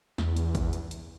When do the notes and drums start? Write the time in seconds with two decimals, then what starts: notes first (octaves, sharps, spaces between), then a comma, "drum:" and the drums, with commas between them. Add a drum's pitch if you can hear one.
0.18 E2, drum: snare
0.37 drum: hi-hat
0.55 drum: kick, hi-hat
0.73 drum: hi-hat
0.91 drum: hi-hat